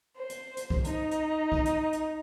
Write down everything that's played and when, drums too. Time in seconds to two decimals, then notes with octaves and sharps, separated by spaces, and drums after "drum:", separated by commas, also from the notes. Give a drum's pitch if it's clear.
0.16 C5
0.30 drum: hi-hat
0.57 drum: hi-hat
0.70 drum: kick B1
0.84 D#4, drum: hi-hat
1.11 drum: hi-hat
1.52 drum: kick B1
1.65 drum: hi-hat
1.92 drum: hi-hat